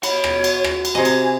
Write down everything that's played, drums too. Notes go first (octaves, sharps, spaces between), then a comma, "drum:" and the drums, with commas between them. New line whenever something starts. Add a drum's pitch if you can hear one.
F#4 C#5 B5, drum: cymbal
drum: rim click
drum: cymbal
drum: rim click
drum: cymbal
C3 D#5 G#5
drum: cymbal